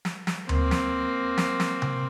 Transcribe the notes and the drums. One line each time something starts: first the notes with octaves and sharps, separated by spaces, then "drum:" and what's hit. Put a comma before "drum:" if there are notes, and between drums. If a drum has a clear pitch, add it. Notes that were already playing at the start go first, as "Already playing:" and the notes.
drum: snare
drum: snare
A#3 C4, drum: tom D2
drum: snare
drum: snare
drum: snare
drum: tom C3